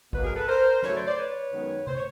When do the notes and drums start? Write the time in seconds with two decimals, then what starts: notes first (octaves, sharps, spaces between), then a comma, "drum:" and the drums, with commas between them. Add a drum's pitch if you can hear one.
0.13 B2 F#3 A#3 B4, drum: kick G#1
0.24 G#4 A#4
0.36 A4 B4
0.48 A#4 C5
0.82 C#3 F#3 A3 B4 C#5, drum: snare
0.95 C5 D5
1.06 C5 D5
1.17 B4 C#5
1.52 F#2 D#3 G#3 B3
1.87 C5, drum: tom C3
1.95 C#5